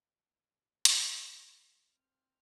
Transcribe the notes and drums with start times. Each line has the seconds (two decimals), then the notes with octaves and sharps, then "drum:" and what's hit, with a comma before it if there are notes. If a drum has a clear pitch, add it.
0.85 drum: hi-hat
1.87 C4 F6